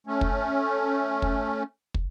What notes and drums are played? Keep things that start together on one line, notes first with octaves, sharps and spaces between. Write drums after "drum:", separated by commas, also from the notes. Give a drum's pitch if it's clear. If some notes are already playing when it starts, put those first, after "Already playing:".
A3 C#4
drum: kick
drum: kick
drum: kick